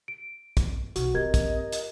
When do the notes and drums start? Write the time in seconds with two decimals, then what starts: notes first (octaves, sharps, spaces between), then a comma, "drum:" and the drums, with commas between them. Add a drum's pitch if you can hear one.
0.08 D7
0.57 drum: kick, hi-hat
0.96 B1 F#4, drum: hi-hat
1.15 C4 G4 A#4 D#5 G#6
1.34 drum: kick, hi-hat
1.72 drum: hi-hat